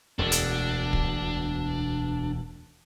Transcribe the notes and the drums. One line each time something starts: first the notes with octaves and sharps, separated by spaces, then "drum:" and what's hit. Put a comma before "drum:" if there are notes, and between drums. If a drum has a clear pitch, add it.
E1 D2 B2 D4
drum: hi-hat
drum: kick